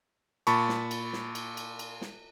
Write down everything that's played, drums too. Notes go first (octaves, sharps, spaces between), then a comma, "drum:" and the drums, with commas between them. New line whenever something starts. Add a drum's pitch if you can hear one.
A#2 A5 B5 C#6, drum: cymbal
drum: snare
drum: cymbal
drum: snare
drum: cymbal
drum: cymbal
drum: cymbal
drum: snare